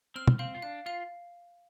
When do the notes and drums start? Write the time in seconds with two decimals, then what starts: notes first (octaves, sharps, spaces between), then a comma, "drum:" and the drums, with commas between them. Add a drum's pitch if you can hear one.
0.16 C4 F6
0.27 drum: tom
0.39 C4 F5
0.55 F4
0.62 D4 F5
0.86 F4 F5